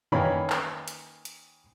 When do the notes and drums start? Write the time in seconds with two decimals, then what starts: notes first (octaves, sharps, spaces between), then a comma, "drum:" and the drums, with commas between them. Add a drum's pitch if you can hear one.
0.12 D#3 E3 A#3 C#4 B5, drum: tom F2
0.50 drum: clap
0.88 drum: hi-hat
1.25 drum: hi-hat